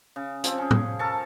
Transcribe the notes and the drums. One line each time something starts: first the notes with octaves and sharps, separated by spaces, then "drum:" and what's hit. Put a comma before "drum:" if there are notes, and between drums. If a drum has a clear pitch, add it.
C#3
F3 C4, drum: hi-hat
C#4 G#4
drum: tom A2
A4 A#4 A5 C#6